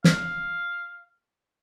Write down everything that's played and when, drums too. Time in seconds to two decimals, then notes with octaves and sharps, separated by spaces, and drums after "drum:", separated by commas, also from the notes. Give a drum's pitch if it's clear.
0.04 F5, drum: snare